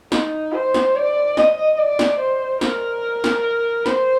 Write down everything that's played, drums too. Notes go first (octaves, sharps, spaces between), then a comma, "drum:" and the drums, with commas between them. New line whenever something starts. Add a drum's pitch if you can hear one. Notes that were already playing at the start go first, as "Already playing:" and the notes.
D#4, drum: snare
C5
drum: snare
D5
D#5, drum: snare
D5
drum: snare
C5
A#4, drum: snare
drum: snare
C5, drum: snare